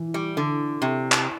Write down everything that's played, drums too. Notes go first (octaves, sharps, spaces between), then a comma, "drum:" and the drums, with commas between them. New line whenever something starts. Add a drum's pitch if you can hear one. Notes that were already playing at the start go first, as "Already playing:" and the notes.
Already playing: E3
G3
D3
C3
drum: clap